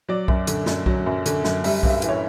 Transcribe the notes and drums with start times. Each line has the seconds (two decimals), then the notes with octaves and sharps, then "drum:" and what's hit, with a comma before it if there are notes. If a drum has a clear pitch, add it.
0.09 F#3 D5
0.28 F#2, drum: kick B1
0.47 D3, drum: hi-hat
0.66 F#2, drum: snare
0.86 F#3, drum: kick B1
1.06 F#2
1.26 D3, drum: hi-hat
1.44 F#2, drum: snare
1.64 G3 E5, drum: open hi-hat
1.83 G2, drum: kick B1
1.90 E5
2.02 E3, drum: hi-hat
2.09 C#5